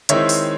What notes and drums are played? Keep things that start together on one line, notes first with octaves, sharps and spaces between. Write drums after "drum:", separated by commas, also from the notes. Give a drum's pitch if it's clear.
D#3 G#3 C4 E4 C#5 E5, drum: hi-hat
drum: open hi-hat